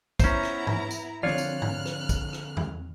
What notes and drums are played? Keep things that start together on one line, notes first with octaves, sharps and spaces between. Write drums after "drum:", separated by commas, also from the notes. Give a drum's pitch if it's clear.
B3 C#4 E4 C5 A#5, drum: kick, tambourine
drum: rim click
drum: tom G#2
drum: tambourine
D3 F3 C4 F4 C#5 D5 F6 F#6
drum: tambourine
drum: tom G#2
drum: rim click
drum: kick, tambourine
drum: rim click
drum: tom E2